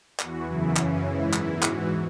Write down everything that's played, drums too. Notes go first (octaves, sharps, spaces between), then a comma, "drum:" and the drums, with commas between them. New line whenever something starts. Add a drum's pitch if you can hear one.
E2 E3 F#4, drum: clap
F#2 C#3 E3 E4
F#2 C#3 E3 C#4, drum: clap
G#2 E3 E4
E2 E3, drum: clap
G#2 E3 F#4, drum: clap